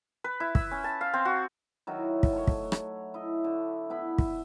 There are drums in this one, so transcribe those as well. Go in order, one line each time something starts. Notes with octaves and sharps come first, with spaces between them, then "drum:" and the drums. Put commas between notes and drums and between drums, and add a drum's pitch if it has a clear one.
B4
E4
E6, drum: kick
C#4
A5
F5
C4
F#4
D#3 F#3 E4 F#4
drum: kick
A3 C#5
drum: kick
drum: rim click
E4 D#5
D3
B3 E4 B5
drum: kick